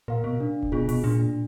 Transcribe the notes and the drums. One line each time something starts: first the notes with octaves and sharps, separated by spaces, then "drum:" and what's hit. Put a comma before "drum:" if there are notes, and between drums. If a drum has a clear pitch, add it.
A#2 A#4 F5
B2
D4
drum: kick E1
B2 F4 G#4
B2, drum: open hi-hat
A#2 D4